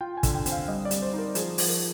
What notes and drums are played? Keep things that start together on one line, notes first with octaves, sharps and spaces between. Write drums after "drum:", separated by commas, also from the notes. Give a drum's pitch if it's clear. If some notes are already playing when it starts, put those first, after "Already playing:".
F4 G5
G#5
D3, drum: kick, hi-hat
G5
C4, drum: hi-hat
F5
G3 D#5
D5
G3, drum: hi-hat
C5
D#4
A#4
F3 G#4, drum: hi-hat
F3, drum: open hi-hat
A#4